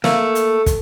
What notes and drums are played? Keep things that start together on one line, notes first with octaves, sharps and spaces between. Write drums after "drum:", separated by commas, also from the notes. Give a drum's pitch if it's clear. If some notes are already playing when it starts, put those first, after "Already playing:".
A3 A#3, drum: snare
drum: hi-hat
drum: kick, hi-hat